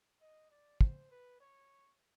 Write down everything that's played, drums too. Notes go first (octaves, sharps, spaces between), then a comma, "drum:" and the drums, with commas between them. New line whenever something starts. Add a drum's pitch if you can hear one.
D#5
D5
C5, drum: kick
B4
C#5